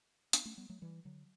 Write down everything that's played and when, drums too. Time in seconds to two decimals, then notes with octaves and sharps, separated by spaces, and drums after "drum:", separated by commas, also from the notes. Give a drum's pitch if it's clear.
0.33 B3 D4, drum: hi-hat
0.45 A3 C#4
0.57 G3 B3
0.69 F#3 A3
0.82 E3 G3
1.05 D3 F#3